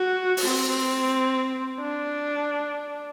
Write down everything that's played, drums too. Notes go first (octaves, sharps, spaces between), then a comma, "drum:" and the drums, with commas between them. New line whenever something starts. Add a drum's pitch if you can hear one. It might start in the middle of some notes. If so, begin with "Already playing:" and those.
Already playing: F#4
drum: open hi-hat
C4
D4